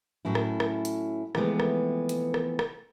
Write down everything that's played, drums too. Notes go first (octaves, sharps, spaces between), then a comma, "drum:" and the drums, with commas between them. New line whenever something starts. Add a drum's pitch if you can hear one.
A2 F#3 C#4 E4
drum: rim click
drum: rim click
drum: hi-hat
C3 E3 F3 G#3 A3 B3, drum: rim click
drum: rim click
drum: hi-hat
drum: rim click
drum: rim click